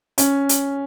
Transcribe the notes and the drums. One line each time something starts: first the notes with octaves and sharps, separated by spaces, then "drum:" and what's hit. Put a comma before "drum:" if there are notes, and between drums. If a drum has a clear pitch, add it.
C#4, drum: hi-hat
drum: hi-hat